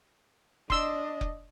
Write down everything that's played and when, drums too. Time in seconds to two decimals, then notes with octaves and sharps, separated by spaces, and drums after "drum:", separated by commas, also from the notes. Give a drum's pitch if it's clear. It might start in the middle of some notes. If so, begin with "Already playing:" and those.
0.70 D4 D#5 C6 E6, drum: kick F1
1.21 drum: kick F1